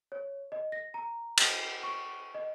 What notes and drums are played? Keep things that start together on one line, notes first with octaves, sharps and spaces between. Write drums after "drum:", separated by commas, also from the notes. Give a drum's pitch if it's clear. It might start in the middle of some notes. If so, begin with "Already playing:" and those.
C#5
D#5
A#6
A#5
A6, drum: cymbal
C#6
D#5